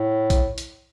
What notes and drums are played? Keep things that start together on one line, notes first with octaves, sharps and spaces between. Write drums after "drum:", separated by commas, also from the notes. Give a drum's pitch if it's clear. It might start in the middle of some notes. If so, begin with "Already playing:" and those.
Already playing: A2
drum: kick A#1, hi-hat
drum: hi-hat